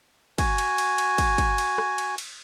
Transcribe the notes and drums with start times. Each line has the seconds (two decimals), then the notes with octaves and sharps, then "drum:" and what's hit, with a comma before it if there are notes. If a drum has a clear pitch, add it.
0.38 F#4 G#5, drum: kick, cymbal
0.58 drum: cymbal
0.78 drum: cymbal
0.98 drum: cymbal
1.18 drum: kick, cymbal
1.38 drum: kick, cymbal
1.58 drum: cymbal
1.78 drum: rim click
1.98 drum: cymbal
2.18 drum: cymbal